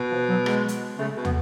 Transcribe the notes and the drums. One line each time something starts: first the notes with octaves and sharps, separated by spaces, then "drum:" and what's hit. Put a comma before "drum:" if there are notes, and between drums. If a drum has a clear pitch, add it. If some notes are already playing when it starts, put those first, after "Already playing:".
Already playing: B2
F3
F#3
G#3, drum: rim click
drum: hi-hat
C#3 A3
B2
B3, drum: tom